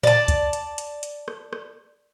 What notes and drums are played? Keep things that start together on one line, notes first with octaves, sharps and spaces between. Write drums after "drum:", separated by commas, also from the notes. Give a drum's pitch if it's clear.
D5 A5, drum: tom A2
drum: kick, hi-hat
drum: hi-hat
drum: hi-hat
drum: hi-hat
drum: rim click
drum: rim click